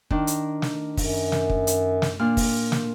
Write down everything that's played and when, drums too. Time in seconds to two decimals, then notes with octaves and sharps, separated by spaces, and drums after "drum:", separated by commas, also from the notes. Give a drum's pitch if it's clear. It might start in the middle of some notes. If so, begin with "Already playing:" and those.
0.11 D#3 D4, drum: kick
0.27 drum: hi-hat
0.62 drum: snare
0.97 F#2, drum: kick, open hi-hat
1.32 drum: snare
1.50 drum: kick
1.67 drum: hi-hat
2.02 drum: snare
2.19 A#2 D4 F6
2.37 drum: kick, open hi-hat
2.72 drum: snare